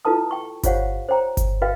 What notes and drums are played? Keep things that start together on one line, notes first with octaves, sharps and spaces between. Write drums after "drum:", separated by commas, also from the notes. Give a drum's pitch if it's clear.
E4 F4 A4 B4 A5 D#6
G5 C#6
F4 G4 C5 C#5 F5 F#5, drum: kick G1, hi-hat
C5 C#5 G5 A#5
drum: kick G1, hi-hat
F#4 B4 D#5 F5 G5